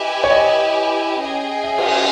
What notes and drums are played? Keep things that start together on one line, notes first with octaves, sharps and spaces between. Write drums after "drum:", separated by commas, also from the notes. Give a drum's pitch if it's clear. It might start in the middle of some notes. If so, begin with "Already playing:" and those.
Already playing: E4 G4 B4 D#5 E5 G#5
C#5
D#5
C#4 G#4 D#5 G5
E5
drum: cymbal